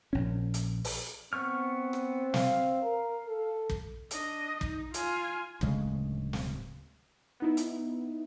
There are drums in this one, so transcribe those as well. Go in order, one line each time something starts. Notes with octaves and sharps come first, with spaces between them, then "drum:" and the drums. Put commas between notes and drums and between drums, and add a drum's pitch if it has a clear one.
A#1 C#4
drum: hi-hat
drum: open hi-hat
B3 C4 C#6 F6
drum: rim click
F5, drum: snare
A#4
A4
drum: kick
D4 D#5, drum: hi-hat
D#4, drum: kick
F4 G#5, drum: hi-hat
D1 D2 C#3 G#3, drum: kick
drum: snare
B3 D#4 E4
drum: hi-hat